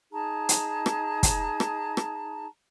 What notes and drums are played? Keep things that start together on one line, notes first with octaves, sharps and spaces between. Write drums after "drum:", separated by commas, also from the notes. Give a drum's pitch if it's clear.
D#4 G#4 A5 A#5
drum: hi-hat
drum: rim click
drum: kick, hi-hat
drum: rim click
drum: rim click